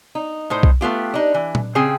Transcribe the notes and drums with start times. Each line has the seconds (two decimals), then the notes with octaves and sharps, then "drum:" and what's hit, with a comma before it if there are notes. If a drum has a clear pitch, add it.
0.15 D#4
0.50 A2 D#4 C5
0.63 drum: kick B1
0.81 A3 B3 F4 G4
1.14 D4 D#4
1.34 E3
1.55 drum: tom A#2
1.75 C#3 C4 G#4 G5